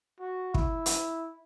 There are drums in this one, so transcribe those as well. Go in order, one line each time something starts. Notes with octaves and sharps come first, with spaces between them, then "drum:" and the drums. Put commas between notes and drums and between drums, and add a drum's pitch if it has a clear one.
F#4
E4, drum: kick
drum: hi-hat